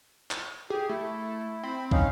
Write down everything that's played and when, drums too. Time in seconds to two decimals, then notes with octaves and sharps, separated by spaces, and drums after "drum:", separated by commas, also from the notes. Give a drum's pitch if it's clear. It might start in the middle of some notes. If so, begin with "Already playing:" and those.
0.31 drum: clap
0.70 G4 G#4
0.89 A3 E4
1.63 C4 B5
1.91 C#4 D#4 F5, drum: kick